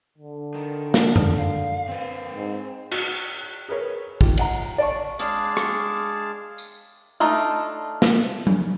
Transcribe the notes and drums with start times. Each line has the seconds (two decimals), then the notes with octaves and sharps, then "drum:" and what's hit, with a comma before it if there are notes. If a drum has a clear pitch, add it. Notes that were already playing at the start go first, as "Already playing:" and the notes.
0.18 D3
0.55 D#3
0.94 drum: snare
1.16 drum: tom F#2
1.38 F5
1.88 C4 B4
2.32 G#2
2.91 F#4, drum: cymbal
3.69 G#4 A#4 B4 C#5
4.21 D#4 F4 G4, drum: kick
4.37 D#5 F#5 A#5, drum: cymbal
4.78 D5 A5 C#6
5.19 G#3 D4 G#4 F5 A5, drum: hi-hat
5.57 drum: rim click
6.58 drum: tambourine
7.20 A3 D4 D#4 F4
8.02 drum: snare
8.47 drum: tom F#3